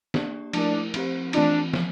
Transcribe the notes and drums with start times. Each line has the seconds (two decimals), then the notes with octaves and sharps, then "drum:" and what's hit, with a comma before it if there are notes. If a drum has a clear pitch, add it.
0.14 A#3 D4 G4 D5, drum: snare
0.53 F3 A3 D4 E4 A#4, drum: cymbal
0.94 F3 C4 G4 C5, drum: cymbal
1.33 E3 A3 C4 D4 F4, drum: cymbal
1.73 F3 A3, drum: snare